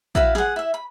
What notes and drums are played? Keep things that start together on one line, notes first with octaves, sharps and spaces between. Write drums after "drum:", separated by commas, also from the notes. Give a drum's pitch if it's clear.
E4 F#4 B4 F5, drum: kick
G#4 F#5, drum: snare
E4 E5
B5